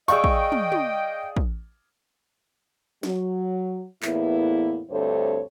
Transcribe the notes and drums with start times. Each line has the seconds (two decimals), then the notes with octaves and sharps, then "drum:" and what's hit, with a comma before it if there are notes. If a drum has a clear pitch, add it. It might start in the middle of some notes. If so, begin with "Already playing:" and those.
0.08 G#4 D5 D#5 F5 G5 C#6 E6, drum: tambourine
0.24 drum: kick
0.52 drum: tom
0.72 drum: tom
1.37 drum: kick
3.03 F#3, drum: snare
4.02 E2 A2 A#3 B3 E4, drum: clap
4.90 D2 G2 C4 A4 C5 C#5